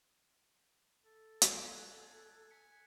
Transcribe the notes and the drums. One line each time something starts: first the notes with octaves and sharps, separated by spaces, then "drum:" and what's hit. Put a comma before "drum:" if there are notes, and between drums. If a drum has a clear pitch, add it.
A4
D6, drum: hi-hat
G#4 F#6 G#6
G#5 B6 C#7